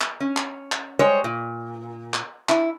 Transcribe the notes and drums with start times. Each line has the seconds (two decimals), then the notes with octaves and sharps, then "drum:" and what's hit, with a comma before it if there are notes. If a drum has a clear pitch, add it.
0.01 drum: clap
0.20 C#4
0.37 drum: clap
0.72 drum: clap
0.99 G3 G#3 C5 C#5
1.24 A#2
2.14 drum: clap
2.49 E4, drum: clap